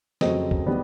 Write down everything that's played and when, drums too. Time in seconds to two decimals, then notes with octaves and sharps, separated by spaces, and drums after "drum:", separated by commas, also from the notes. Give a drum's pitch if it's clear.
0.21 F2 C#3 F#3 A3 C4 D#5, drum: snare
0.51 drum: kick
0.66 D#3 G3 B3 D4